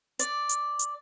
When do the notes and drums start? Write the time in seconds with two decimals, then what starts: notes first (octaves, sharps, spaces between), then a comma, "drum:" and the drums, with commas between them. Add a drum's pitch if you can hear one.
0.19 D5, drum: hi-hat
0.49 drum: hi-hat
0.79 drum: hi-hat